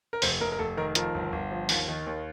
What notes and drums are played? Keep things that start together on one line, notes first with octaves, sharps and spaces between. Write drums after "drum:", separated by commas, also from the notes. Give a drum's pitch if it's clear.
A#4
F1 C5, drum: open hi-hat
F1 A#4
A#4
F1 A4
D#3 A#4
F3 A#4, drum: hi-hat
G1
G1
F3
D#2, drum: open hi-hat
D#3
D#2